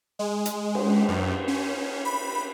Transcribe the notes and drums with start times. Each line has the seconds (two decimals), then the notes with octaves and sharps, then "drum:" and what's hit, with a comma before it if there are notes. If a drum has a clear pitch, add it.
0.19 G#3
0.46 drum: hi-hat
0.75 drum: cymbal
1.08 F#2
1.48 C#4
2.05 B5